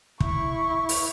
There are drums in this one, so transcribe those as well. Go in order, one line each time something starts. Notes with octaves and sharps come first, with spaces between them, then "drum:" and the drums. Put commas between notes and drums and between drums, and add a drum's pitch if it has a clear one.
E4 C#6, drum: kick
drum: open hi-hat